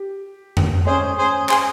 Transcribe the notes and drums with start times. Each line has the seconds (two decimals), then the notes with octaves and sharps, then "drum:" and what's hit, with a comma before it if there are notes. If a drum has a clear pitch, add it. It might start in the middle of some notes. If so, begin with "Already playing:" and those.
Already playing: G4
0.57 drum: tom F2
0.87 C#4 G#4 C5
1.18 G#4 C5
1.49 G#4 C5, drum: clap